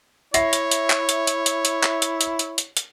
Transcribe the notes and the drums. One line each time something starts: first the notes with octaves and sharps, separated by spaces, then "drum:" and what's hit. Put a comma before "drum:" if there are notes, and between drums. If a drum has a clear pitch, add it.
E4 C#5 E5 A#6 C7, drum: hi-hat
drum: hi-hat
drum: hi-hat
drum: clap
drum: hi-hat
drum: hi-hat
drum: hi-hat
drum: hi-hat
drum: clap
drum: hi-hat
drum: hi-hat
drum: hi-hat
drum: hi-hat
drum: hi-hat